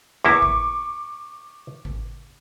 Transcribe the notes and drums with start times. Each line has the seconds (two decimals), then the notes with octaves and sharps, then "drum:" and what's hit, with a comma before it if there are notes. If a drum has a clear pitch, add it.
0.25 E2 A#3 E4 C#6 D6
0.42 drum: kick G#1
1.85 drum: kick G#1